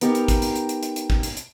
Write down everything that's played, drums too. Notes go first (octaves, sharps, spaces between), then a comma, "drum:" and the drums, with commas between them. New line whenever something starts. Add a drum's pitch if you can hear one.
B3 D#4 G4 A#4, drum: hi-hat
drum: hi-hat
drum: kick, hi-hat
drum: hi-hat
drum: hi-hat
drum: hi-hat
drum: hi-hat
drum: hi-hat
drum: kick
drum: hi-hat
drum: hi-hat